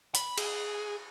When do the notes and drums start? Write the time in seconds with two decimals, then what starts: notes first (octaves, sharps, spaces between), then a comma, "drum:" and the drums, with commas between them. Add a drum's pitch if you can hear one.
0.15 B5, drum: hi-hat
0.38 G#4, drum: cymbal